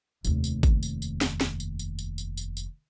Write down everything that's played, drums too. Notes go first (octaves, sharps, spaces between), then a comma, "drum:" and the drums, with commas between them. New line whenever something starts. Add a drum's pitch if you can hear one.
F1 D#2, drum: tambourine
drum: tambourine
drum: kick G#1, tambourine
drum: tambourine
drum: tambourine
drum: snare
drum: snare
drum: tambourine
drum: tambourine
drum: tambourine
drum: tambourine
drum: tambourine
drum: tambourine